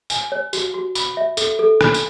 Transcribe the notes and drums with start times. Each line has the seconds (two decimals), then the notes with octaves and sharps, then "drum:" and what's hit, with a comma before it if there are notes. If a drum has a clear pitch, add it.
0.10 G#5, drum: tambourine
0.32 C#5
0.53 F#4, drum: tambourine
0.74 F#4
0.95 B5, drum: tambourine
1.17 E5
1.37 A4, drum: tambourine
1.59 A4
1.81 B5, drum: rim click
1.94 drum: tambourine